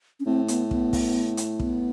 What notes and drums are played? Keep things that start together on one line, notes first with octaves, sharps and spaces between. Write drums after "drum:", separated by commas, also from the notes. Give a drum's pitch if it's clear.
C#4
A2 C4
B3, drum: hi-hat
B3, drum: kick
drum: kick, open hi-hat
drum: hi-hat
B3, drum: kick